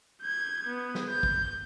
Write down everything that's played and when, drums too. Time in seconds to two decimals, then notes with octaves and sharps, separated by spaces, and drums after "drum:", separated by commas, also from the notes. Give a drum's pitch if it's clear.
0.22 G6 G#6
0.67 B3
0.95 drum: snare
1.09 G6
1.23 drum: kick